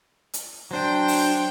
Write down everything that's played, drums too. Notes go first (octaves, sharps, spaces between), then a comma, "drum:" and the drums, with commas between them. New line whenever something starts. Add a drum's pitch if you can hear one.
drum: hi-hat
F#3 D4 C5 G5
drum: open hi-hat